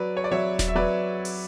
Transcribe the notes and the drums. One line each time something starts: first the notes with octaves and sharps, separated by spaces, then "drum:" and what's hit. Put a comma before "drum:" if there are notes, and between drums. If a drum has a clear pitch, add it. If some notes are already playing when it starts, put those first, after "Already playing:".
Already playing: F#3 B4 D5
C#5
D5
F#3 C#5 E5
drum: snare D#1
E5
F#3 B4 D5
drum: open hi-hat